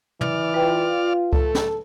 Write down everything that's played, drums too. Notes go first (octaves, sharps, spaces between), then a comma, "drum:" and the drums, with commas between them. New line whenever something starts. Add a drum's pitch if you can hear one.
E3 D5 F6, drum: tom
F4 B4 G5
A3 A4, drum: kick C#2
drum: snare